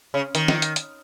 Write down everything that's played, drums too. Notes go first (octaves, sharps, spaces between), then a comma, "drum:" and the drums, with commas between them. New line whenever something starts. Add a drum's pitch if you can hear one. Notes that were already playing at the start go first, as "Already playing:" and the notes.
C#3
D#3, drum: hi-hat
drum: snare
drum: hi-hat
drum: hi-hat